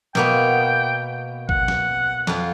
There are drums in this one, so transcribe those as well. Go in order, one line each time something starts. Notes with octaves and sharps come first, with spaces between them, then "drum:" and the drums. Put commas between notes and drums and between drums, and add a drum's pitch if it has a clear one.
B2 A#3 B3 G5, drum: snare
F#5, drum: kick G#1
drum: snare
F2 F4, drum: snare